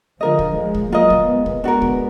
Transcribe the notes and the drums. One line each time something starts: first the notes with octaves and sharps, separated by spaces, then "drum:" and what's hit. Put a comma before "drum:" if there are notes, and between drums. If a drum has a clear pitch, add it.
D3 F3 F4 A#4 D#5
drum: kick
F3 G#3
drum: kick
F#3 A#3 F4 A#4 D#5
drum: kick
G#3 B3
drum: kick
G#3 B3 D4 F#4 A#4
drum: kick